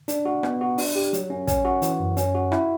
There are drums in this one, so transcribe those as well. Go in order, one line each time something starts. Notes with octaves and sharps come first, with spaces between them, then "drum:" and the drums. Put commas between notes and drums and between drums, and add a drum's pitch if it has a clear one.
D4, drum: hi-hat
F#4
B3, drum: rim click
F#4
D4, drum: open hi-hat
G4
F#3, drum: hi-hat
C#4
C#4, drum: kick, hi-hat
F#4
E3, drum: hi-hat
F#2
C#4, drum: hi-hat
F#4
E4, drum: rim click